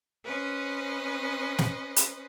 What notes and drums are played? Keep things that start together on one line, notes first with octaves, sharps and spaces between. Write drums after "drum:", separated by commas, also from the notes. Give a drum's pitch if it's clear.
C#4 B4 C5 D#5
drum: snare
drum: hi-hat